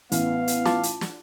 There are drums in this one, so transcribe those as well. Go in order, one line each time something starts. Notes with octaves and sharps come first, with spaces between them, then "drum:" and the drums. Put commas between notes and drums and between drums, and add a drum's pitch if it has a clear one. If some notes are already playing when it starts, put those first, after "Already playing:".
A1 B3 F5, drum: hi-hat
drum: hi-hat
F4 A5 D6, drum: snare
drum: hi-hat
drum: snare